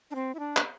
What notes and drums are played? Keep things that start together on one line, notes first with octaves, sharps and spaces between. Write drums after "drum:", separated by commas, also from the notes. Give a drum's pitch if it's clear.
D4
C4
E4
D4
drum: clap